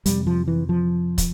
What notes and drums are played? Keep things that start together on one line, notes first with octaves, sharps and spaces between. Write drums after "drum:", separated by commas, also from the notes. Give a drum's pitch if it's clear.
F2 C3 G3, drum: hi-hat
F3
E3
F3
drum: kick, hi-hat